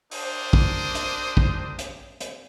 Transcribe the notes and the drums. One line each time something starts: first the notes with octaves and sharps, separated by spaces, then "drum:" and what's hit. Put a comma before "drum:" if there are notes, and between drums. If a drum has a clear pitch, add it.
D4 G4 A#4 C5 D#6, drum: open hi-hat
drum: kick
drum: hi-hat
drum: kick
drum: hi-hat
drum: hi-hat